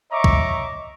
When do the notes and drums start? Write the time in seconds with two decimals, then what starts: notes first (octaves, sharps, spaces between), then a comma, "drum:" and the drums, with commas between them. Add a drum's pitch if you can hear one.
0.11 C#5 D#5 E5 A#5 C#6 D6
0.24 drum: kick